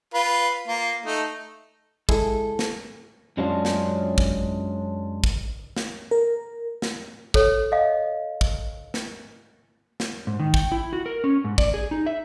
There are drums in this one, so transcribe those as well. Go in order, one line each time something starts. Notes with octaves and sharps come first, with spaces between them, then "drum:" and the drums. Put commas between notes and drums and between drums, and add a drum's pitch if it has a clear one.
F4 B4
A#3 F4
A3 D#4
G#3 E4 G#4 A4, drum: kick
drum: snare
F#2 F#3 G#3 C#4 D4 F4
drum: snare
drum: kick
drum: kick
drum: snare
A#4
drum: snare
A4 C#5, drum: kick
D#5 F5
drum: kick
drum: snare
drum: snare
G#2
D#3
G5, drum: kick
E4
F#4
A#4
C#4
G#2
D5, drum: kick
G#4
D#4
E5